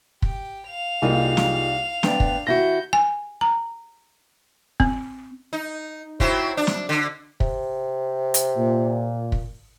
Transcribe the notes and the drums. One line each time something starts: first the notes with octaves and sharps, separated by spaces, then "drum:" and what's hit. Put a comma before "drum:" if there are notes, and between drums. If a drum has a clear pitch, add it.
G4, drum: kick
F5 F7
C2 G3 A#3 D#4 F4 G#4
drum: snare
D2 B3 D4 G5, drum: snare
drum: kick
D#2 E4 F#4 G6 A#6
G#5
A#5
C4, drum: kick
D#4
F#3 C4 E4, drum: kick
D4
drum: snare
D3
C3, drum: kick
drum: hi-hat
A#2
drum: kick